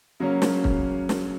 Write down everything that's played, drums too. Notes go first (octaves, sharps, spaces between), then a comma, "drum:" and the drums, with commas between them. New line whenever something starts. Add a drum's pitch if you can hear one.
C#3 F#3 A#3 C#4
drum: snare
drum: kick
drum: snare